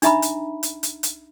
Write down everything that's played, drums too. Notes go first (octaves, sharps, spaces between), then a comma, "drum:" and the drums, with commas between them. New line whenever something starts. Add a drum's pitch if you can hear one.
D4 D#4 E5 A#5 B5, drum: hi-hat
drum: hi-hat
drum: hi-hat
drum: hi-hat
drum: hi-hat